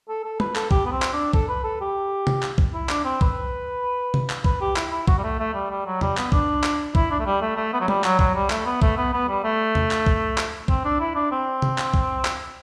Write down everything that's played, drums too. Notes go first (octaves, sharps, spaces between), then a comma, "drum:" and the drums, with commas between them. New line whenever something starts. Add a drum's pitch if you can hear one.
A4
A4
B4, drum: tom
A4, drum: clap
G4, drum: kick
B3
C4
drum: clap
D4
A4, drum: kick
B4
A4
G4
drum: tom C3
drum: clap
drum: kick
E4
D4, drum: clap
C4
B4, drum: kick
drum: tom C3
drum: clap
B4, drum: kick
G4
E4, drum: clap
E4
F#4, drum: kick
G3
A3
A3
G3
G3
F#3
G3, drum: tom E2
B3, drum: clap
D4, drum: kick
drum: clap
E4, drum: kick
D4
A3
G3
A3
A3
B3
F#3
G3, drum: tom
F#3, drum: clap
F#3, drum: kick
G3
A3, drum: clap
B3
A3, drum: kick
B3
B3
G3
A3
drum: tom E2
drum: clap
drum: kick
drum: clap
C4, drum: kick
D4
E4
D4
C4
drum: tom C3
drum: clap
drum: kick
drum: clap